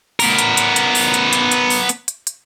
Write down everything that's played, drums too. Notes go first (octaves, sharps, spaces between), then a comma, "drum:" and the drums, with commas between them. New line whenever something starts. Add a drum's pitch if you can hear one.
B3 A#4, drum: open hi-hat
drum: hi-hat
drum: hi-hat
drum: hi-hat
drum: open hi-hat
drum: hi-hat
drum: hi-hat
drum: hi-hat
drum: open hi-hat
drum: hi-hat
drum: hi-hat
drum: hi-hat